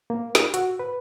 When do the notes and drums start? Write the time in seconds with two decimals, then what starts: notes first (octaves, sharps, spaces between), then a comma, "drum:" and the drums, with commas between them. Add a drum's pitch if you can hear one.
0.10 A#3
0.35 E6, drum: snare
0.54 F#4, drum: hi-hat
0.79 B4